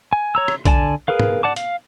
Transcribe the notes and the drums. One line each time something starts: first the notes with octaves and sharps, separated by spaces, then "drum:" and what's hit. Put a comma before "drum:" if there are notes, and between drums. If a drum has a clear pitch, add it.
G#5
C#5 A#5 E6
drum: rim click
D3 D5 G#5 A5, drum: kick, hi-hat
G#4 A#4 B4 F5
drum: tom
D5 F#5 A5 D6
F5, drum: hi-hat